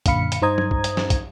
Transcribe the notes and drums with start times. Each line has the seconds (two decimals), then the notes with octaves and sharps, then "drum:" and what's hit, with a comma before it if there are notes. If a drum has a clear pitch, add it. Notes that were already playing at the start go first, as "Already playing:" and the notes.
0.06 F#2 A#2 D3 F5 B5 C#7, drum: kick, hi-hat
0.32 drum: hi-hat
0.42 G2 D#4 C5 A#5 D#6 G#6
0.58 drum: tom
0.71 drum: kick
0.84 drum: hi-hat
0.97 drum: snare
1.10 drum: kick, hi-hat